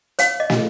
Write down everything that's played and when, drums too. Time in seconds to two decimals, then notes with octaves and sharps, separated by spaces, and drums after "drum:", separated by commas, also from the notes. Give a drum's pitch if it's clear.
0.19 C#5 F5, drum: hi-hat
0.40 D#5
0.50 drum: snare